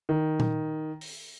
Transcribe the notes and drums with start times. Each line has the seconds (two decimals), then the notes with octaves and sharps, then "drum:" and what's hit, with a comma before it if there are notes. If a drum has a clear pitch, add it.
0.09 D#3
0.40 drum: tom A#2
1.01 drum: open hi-hat